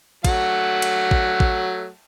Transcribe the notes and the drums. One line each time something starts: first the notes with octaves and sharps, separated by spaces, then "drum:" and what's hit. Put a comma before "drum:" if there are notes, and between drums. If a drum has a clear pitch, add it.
F#3 A3 F#5, drum: kick A1, cymbal
drum: cymbal
drum: kick A1
drum: kick A1